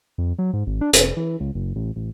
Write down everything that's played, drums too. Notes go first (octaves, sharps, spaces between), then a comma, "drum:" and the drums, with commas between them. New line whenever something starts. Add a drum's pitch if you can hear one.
F2
F#3
G#2
G#1
D4
F1, drum: hi-hat
E3
C#2
F#1
A1
A1